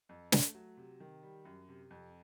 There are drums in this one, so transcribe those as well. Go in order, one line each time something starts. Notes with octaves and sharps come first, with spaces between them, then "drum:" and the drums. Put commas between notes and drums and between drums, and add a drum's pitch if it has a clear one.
F2
A3, drum: snare
F#3
C3
D#3
G3
F#2
C3
F2